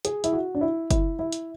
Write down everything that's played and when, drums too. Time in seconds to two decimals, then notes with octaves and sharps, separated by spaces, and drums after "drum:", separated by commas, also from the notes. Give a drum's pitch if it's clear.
0.05 G#4, drum: hi-hat
0.24 E4, drum: hi-hat
0.33 F#4
0.55 D4
0.61 E4
0.91 E4, drum: kick F#1, hi-hat
1.19 E4
1.33 drum: hi-hat